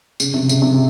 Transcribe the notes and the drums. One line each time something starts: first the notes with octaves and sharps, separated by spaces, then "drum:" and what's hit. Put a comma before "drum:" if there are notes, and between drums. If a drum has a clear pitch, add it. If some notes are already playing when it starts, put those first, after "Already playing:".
C#3, drum: tambourine
C3
C#3, drum: tambourine
C3